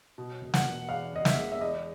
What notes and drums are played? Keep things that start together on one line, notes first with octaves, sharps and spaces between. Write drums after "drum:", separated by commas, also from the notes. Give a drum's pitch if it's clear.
B2
E1
F#5, drum: snare
B2
E2 F5
E1 D#5
E5, drum: snare
G#3
E5
E2 D#5